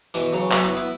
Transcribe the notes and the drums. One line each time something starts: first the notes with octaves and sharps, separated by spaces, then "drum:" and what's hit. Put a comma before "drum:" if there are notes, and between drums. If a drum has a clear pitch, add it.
B2 E3, drum: hi-hat
C#3 F#3
F#3 B3, drum: clap
B3 E4
B3 E4